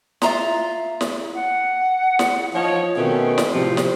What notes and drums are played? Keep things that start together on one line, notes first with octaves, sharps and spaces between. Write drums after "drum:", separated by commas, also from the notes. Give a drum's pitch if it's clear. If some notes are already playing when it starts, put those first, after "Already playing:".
F4 E5 A#5 C6, drum: snare
drum: snare
F#5
drum: snare
F3 D#4 C#5
B2 D#3 A3 C4 C#4
drum: snare
A2 C3 F3
drum: snare